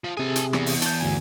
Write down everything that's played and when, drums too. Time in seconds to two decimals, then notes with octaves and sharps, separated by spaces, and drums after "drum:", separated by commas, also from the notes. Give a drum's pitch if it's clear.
0.04 F3
0.17 C3 G#4 A4 G#5
0.36 drum: hi-hat
0.53 E2, drum: rim click
0.66 drum: open hi-hat
0.82 A5 G6, drum: hi-hat
1.00 G1 D2 G#5